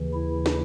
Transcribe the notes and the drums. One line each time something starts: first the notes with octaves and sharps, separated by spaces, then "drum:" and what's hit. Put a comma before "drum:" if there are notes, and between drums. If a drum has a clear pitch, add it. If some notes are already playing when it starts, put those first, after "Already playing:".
Already playing: D#2 C#3 E3
E4
drum: snare